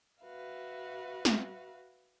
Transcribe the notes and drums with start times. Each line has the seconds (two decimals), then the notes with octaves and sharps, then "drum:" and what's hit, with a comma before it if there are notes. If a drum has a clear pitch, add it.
0.22 F#4 B4 E5 F5
1.25 drum: snare